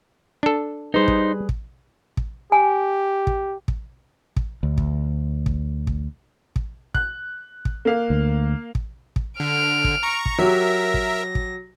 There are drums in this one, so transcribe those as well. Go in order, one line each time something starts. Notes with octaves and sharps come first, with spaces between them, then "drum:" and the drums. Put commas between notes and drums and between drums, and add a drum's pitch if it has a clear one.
D4 A4
G3 D#4 G#4 B4 C5
drum: kick
drum: kick
drum: kick
G4 G#5
drum: kick
drum: kick
drum: kick
D2
drum: kick
drum: kick
drum: kick
drum: kick
F#6, drum: kick
drum: kick
A#3 F5
D2
drum: kick
drum: kick
D3 F6 D7
drum: kick
A#5 C#6
drum: kick
F#3 F#4 G4 A#4 E5 A#6
drum: kick
drum: kick